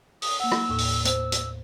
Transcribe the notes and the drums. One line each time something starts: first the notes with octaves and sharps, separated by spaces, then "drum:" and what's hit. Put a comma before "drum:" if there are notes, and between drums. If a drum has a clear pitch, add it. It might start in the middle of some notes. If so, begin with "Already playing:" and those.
D#6, drum: open hi-hat
A#3 F#5 E6
drum: rim click
D#2 A2
drum: open hi-hat
C5 E6, drum: hi-hat
drum: hi-hat